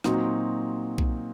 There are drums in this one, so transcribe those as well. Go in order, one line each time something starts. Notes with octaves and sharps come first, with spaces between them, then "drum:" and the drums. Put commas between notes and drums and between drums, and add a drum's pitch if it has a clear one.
A#2 F#3 C4 D#4 F#4, drum: snare
drum: kick B1